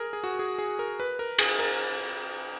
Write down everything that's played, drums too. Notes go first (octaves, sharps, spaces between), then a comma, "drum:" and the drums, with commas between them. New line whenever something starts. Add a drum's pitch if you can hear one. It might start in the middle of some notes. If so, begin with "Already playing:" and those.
Already playing: G#4 A#4
G#4
F#4
G#4
G#4
A#4
B4
A#4
G#4, drum: cymbal
A#4